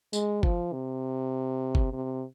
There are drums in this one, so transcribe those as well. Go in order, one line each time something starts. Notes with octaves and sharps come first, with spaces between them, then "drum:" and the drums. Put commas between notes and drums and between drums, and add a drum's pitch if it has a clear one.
G#3, drum: tambourine
F3, drum: kick G1
C3
drum: kick G1
C3